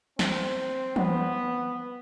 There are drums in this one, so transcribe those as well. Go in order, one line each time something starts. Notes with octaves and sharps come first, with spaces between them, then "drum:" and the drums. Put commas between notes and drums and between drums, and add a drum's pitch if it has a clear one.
C4, drum: snare
B3, drum: tom E3